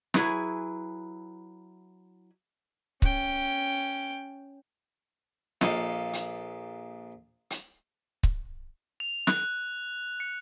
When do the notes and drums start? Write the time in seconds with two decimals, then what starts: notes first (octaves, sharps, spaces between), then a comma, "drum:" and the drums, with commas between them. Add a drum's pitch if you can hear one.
0.14 F#3 E4 G#4 B4 G#5, drum: snare
3.02 C#4 G5, drum: kick C#1
5.61 A#1 A#2 A4 D#5 F5, drum: snare
6.13 drum: hi-hat
7.50 drum: hi-hat
8.23 drum: kick C#1
9.00 F7
9.27 F#6, drum: snare
10.20 C#7